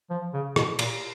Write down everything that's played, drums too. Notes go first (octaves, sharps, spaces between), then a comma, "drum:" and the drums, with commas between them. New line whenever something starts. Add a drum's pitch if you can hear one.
F3
C#3
B2, drum: rim click
A#2, drum: cymbal